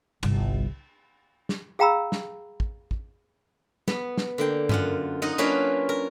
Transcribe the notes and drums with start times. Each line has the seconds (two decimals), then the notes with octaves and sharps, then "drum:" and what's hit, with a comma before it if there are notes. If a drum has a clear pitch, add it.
0.23 G1 C2, drum: cymbal
1.49 drum: snare
1.79 G#4 F5 G5 A#5 B5 E6
2.12 drum: snare
2.60 drum: kick
2.91 drum: kick
3.88 B3, drum: snare
4.18 drum: snare
4.38 D3 A#3 G5
4.69 F#2 F4 F#5, drum: tom G2
5.22 D#4 F4 D#5 F#5
5.38 F#3 A#3 C#4 D4 F4 B4
5.89 A#4